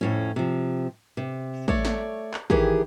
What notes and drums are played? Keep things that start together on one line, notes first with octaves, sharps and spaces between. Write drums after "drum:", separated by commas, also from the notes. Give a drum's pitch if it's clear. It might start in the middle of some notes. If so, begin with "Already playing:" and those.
F2 A2 C#4
C3 F3
C3
A3 C#5 D5, drum: kick
drum: snare
drum: clap
D#3 E3 G4 G#4, drum: kick